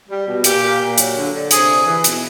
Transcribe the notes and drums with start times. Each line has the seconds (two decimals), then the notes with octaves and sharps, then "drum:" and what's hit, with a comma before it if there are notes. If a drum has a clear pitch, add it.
0.09 G3
0.27 B2
0.44 A#2 G4, drum: hi-hat
0.62 A#2
0.80 A#2
0.98 F#3, drum: hi-hat
1.16 D3
1.33 D3
1.51 C3 G#4, drum: hi-hat
1.69 C3
1.86 E3
2.04 B2, drum: hi-hat